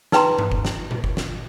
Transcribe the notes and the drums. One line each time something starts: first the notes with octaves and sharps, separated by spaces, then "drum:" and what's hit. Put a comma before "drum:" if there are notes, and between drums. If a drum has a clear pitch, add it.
D#4 B4 G5 A#5 C6, drum: snare
drum: tom G2
drum: kick F#1
drum: snare
drum: tom A#2
drum: kick F#1
drum: snare